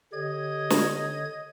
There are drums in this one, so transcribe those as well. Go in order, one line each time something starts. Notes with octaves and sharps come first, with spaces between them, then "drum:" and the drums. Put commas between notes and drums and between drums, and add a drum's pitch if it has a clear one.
D3 G4 C#5 D#5 G#6
drum: snare